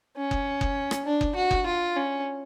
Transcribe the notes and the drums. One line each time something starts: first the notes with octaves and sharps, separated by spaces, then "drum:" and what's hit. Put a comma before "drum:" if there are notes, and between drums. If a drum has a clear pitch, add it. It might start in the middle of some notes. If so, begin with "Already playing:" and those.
C#4
drum: kick F#1
drum: kick F#1
drum: rim click
D4
drum: kick F#1
F#4
drum: kick F#1
F4
C#4